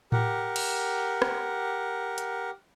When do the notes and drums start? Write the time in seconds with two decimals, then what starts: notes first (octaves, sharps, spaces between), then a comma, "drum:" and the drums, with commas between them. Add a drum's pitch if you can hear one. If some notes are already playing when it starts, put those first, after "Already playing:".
0.12 G4 A#4 F#5, drum: tom A2
0.56 drum: cymbal
1.22 drum: rim click
2.18 drum: hi-hat